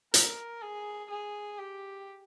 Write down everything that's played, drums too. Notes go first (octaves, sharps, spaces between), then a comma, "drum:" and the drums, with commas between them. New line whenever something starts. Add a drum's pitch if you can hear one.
A#4, drum: hi-hat
G#4
G#4
G4